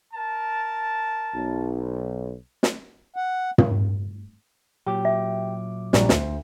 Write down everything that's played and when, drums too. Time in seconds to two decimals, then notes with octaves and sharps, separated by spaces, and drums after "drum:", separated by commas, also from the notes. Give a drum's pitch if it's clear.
0.14 A#4 A5
1.35 B1
2.63 drum: snare
3.16 F#5
3.58 drum: tom
4.86 A#2 F#3 G4 D6
5.05 E5
5.93 A#1 G3 F#4 D5 A#5, drum: snare
6.09 D2 C5, drum: snare